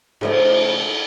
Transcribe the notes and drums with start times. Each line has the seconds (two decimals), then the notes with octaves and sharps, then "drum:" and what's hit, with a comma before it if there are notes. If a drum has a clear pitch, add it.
0.21 C#3 F3 A3, drum: cymbal